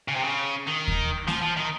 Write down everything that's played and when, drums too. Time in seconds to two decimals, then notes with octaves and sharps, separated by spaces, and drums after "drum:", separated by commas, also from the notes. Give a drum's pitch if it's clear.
0.08 C#3
0.16 C3
0.24 C#3
0.68 D#3
0.88 drum: kick D#2
1.28 F3, drum: snare A#3
1.42 F3
1.57 D#3